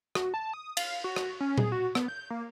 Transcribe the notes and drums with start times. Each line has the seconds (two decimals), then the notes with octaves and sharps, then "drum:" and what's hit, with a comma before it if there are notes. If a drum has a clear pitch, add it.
0.15 F#4, drum: rim click
0.34 A5
0.54 D#6
0.77 F5, drum: cymbal
1.04 F#4
1.16 drum: rim click
1.40 C#4
1.58 G#4, drum: tom A#2
1.72 F#4
1.95 B3, drum: rim click
2.08 G6
2.30 A#3